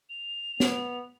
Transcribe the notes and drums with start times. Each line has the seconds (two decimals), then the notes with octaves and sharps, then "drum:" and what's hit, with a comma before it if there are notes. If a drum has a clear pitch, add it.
0.09 F7
0.60 B3, drum: snare